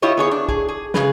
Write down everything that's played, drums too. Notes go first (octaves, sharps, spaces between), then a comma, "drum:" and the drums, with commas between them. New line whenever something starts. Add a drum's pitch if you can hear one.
E4 F4 G4 C#5 D#5
B3 G#4 C#5
D4
G#4, drum: kick
G#4
C#3 G#4 B4, drum: snare